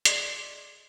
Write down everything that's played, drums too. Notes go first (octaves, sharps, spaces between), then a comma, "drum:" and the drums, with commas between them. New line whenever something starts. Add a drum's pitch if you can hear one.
G#4 D5 D#5 C6, drum: hi-hat